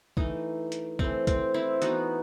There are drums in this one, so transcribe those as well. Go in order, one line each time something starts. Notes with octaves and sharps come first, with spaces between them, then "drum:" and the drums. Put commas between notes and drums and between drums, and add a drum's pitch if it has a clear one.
E3 A3 D#4, drum: kick C2
drum: hi-hat
E3 A3 C4, drum: kick C2
C4, drum: kick C2, hi-hat
C4 E4
E3 B3 D#4 F#4, drum: hi-hat